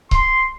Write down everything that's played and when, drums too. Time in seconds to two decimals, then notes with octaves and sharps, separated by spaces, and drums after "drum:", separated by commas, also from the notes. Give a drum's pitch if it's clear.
0.11 C6, drum: kick C#1